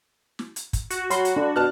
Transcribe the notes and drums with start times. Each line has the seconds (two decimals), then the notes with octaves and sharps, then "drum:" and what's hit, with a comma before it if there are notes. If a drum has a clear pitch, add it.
0.39 drum: snare
0.56 drum: hi-hat
0.73 drum: kick, hi-hat
0.90 F#4, drum: hi-hat
1.10 F#3 B5 C6, drum: hi-hat
1.25 drum: hi-hat
1.36 D3 D4
1.56 B2 A5 F6 F#6